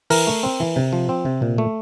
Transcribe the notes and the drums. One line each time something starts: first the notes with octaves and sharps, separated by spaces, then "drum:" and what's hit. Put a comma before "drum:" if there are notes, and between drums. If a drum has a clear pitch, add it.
E3 A#4, drum: open hi-hat
A3
C4
E3
C3
F3
C4
C3
A#2
A3